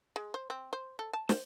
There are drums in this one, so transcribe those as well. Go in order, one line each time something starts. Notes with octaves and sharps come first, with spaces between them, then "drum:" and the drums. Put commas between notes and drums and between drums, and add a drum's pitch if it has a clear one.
G#3
C5
C4
C5
A4
A5
C5, drum: snare